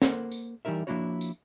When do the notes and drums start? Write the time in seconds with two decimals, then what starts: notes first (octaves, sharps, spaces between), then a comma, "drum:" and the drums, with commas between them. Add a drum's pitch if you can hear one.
0.02 A#3 A4 A#4 C5 F#5, drum: snare
0.31 drum: tambourine
0.65 E3 G3 D#4 A#4 E5
0.87 F3 A#3 D4 E4 F#4 C#5
1.21 drum: tambourine